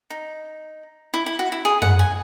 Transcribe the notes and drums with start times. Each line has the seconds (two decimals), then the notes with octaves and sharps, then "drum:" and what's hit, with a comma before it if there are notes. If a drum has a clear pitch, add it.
0.10 D#4
1.14 E4
1.26 E4
1.39 F#4
1.52 E4
1.65 G#4
1.82 F#5, drum: tom F#2
1.99 G#5